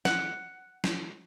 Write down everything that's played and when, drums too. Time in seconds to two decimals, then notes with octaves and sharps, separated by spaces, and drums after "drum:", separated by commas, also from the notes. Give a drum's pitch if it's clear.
0.05 F#5, drum: snare
0.84 drum: snare